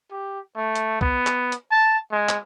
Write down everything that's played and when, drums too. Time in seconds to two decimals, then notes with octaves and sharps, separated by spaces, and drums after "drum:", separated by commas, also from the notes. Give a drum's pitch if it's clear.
0.11 G4
0.56 A3
0.75 drum: hi-hat
1.01 B3, drum: kick
1.27 drum: clap
1.52 drum: hi-hat
1.71 A5
2.12 G#3
2.29 drum: clap